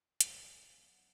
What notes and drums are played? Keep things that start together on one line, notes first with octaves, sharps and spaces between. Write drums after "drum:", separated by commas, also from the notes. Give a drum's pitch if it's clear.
D#3 G#3 C#4 E4 F#5, drum: hi-hat
G#5
F5
F#3 B3 D4 F5
F#5